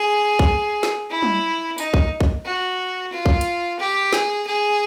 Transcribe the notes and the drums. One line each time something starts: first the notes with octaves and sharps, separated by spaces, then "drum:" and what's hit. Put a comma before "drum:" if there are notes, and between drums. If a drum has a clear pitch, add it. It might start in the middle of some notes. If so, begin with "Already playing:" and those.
Already playing: G#4
drum: kick
drum: snare
E4
drum: tom
D#4, drum: tambourine
drum: kick
drum: kick
F#4
F4
drum: kick
drum: hi-hat
G4
G#4, drum: snare
G#4